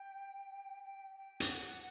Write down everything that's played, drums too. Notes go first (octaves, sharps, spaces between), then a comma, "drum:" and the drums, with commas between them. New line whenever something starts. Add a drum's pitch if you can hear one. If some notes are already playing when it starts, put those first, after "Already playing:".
Already playing: G5
G5
G5
drum: hi-hat
F#5